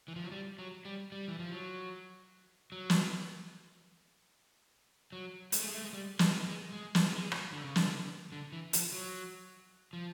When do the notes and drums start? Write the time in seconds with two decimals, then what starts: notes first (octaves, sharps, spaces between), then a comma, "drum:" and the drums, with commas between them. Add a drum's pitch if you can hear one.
0.08 E3
0.16 F3
0.24 F#3
0.32 G3
0.59 F#3
0.85 G3
1.12 G3
1.28 E3
1.39 F3
1.52 F#3
2.72 F#3
2.90 drum: snare
5.12 F#3
5.52 G#3, drum: hi-hat
5.60 A3
5.67 G#3
5.74 A3
5.82 G#3
5.93 G3
6.19 G#3, drum: snare
6.46 G#3
6.72 G#3
6.95 drum: snare
7.13 G#3
7.32 drum: rim click
7.52 D3
7.64 C#3
7.76 D3, drum: snare
8.32 D3
8.52 E3
8.73 F3, drum: hi-hat
8.92 F#3
9.93 F3